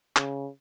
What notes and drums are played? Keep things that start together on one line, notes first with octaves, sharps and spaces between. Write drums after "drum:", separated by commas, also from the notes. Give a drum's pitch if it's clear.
C#3, drum: clap